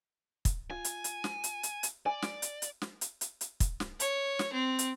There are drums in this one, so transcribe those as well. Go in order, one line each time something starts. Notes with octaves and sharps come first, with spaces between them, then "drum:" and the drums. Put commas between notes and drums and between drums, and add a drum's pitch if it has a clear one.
drum: kick, hi-hat
F4 G#5
drum: hi-hat
drum: hi-hat
drum: snare
drum: hi-hat
drum: hi-hat
drum: hi-hat
D5 G#5
drum: snare
drum: hi-hat
drum: hi-hat
drum: snare
drum: hi-hat
drum: hi-hat
drum: hi-hat
drum: kick, hi-hat
drum: snare
C#5, drum: hi-hat
drum: snare
C4
drum: hi-hat